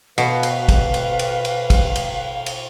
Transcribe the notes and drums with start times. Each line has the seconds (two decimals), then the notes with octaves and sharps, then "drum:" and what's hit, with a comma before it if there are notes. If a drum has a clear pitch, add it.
0.18 B2 B4 F5, drum: cymbal
0.43 drum: cymbal
0.69 drum: kick, cymbal
0.94 drum: cymbal
1.19 drum: cymbal
1.45 drum: cymbal
1.70 drum: kick, cymbal
1.96 drum: cymbal
2.46 drum: cymbal